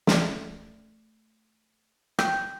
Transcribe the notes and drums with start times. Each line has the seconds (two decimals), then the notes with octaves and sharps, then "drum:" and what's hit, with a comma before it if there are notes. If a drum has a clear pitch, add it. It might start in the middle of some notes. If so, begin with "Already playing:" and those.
0.07 A3 D5, drum: snare
2.19 G5 G6, drum: rim click